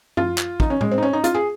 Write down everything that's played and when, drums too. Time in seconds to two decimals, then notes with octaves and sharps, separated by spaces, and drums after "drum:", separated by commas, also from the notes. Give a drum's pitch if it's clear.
0.17 F4, drum: tom F#2
0.38 drum: clap
0.60 D#4, drum: kick
0.70 C#4
0.81 G#3, drum: tom A2
0.91 C4
0.98 D#4
1.03 C#4
1.13 D#4
1.24 F4, drum: hi-hat
1.34 G#4